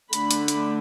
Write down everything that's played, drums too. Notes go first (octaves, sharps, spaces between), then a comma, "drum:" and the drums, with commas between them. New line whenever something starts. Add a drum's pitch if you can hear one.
D3 A3 D4 B5, drum: hi-hat
drum: hi-hat
drum: hi-hat